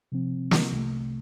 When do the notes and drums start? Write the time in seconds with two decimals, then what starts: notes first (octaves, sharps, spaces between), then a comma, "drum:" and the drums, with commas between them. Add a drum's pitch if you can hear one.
0.12 C3 F3 C4
0.51 drum: snare
0.71 C2 C3 A3